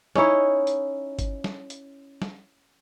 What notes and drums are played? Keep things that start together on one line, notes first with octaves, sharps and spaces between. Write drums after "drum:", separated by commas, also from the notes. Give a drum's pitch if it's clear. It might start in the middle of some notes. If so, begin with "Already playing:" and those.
C#4 D#4 E4 C#5, drum: snare
drum: hi-hat
drum: kick G1, hi-hat
drum: snare
drum: hi-hat
drum: snare